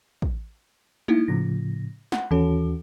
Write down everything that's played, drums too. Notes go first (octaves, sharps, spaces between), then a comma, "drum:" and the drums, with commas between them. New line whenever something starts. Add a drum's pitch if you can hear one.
drum: kick
A#3 D#4 E4, drum: tom
A2 C#3 F3 A#6
F#5, drum: snare
D#2 E3 C#4 F#4 A4